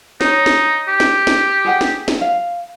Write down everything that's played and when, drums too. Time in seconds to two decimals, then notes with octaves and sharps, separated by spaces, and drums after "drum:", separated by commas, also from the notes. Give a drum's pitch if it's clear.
0.21 D#4 C#5, drum: snare
0.46 drum: snare
0.88 G4
1.00 drum: snare
1.27 drum: snare
1.65 G#4 F#5 G5
1.81 drum: snare
2.08 drum: snare
2.21 F5